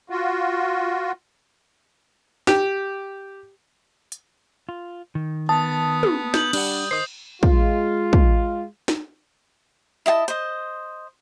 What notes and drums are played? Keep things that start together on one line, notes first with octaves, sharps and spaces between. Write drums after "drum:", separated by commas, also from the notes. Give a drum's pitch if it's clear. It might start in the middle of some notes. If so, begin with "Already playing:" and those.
F4 F#4
G4, drum: snare
drum: hi-hat
F4
D#3
B3 A5 D#6
drum: tom
G6 F#7, drum: snare
G3 D4 F#5, drum: cymbal
D#3 C5 D#5 D#6 C7
G#3 F4, drum: kick
drum: kick
drum: snare
E4 D#5 G5 A5
C5 D#5, drum: hi-hat